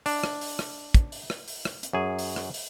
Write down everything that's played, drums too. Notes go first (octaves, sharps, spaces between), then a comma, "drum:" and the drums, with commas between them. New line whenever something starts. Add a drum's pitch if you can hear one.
D4, drum: open hi-hat
drum: rim click
drum: open hi-hat
drum: rim click
drum: kick, hi-hat
drum: open hi-hat
drum: rim click
drum: open hi-hat
drum: rim click
drum: hi-hat
F#2 G#4
drum: open hi-hat
drum: rim click
drum: open hi-hat